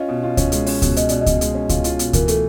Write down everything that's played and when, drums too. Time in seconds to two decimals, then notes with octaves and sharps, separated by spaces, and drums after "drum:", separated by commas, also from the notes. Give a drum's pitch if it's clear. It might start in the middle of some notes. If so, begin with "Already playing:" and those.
Already playing: C#4 F4 D#5
0.09 B2
0.23 F4
0.37 C#4, drum: kick C#2, hi-hat
0.52 G#3, drum: hi-hat
0.66 C#4, drum: open hi-hat
0.82 B2, drum: kick C#2, hi-hat
0.97 C#4 D#5, drum: hi-hat
1.09 B2 D5, drum: hi-hat
1.21 D#5
1.26 B2, drum: kick C#2, hi-hat
1.41 G#3, drum: hi-hat
1.55 C#4
1.69 F4, drum: kick C#2, hi-hat
1.84 F4, drum: hi-hat
1.99 B2, drum: hi-hat
2.13 E3 A#4, drum: kick C#2, hi-hat
2.28 A3 A4, drum: hi-hat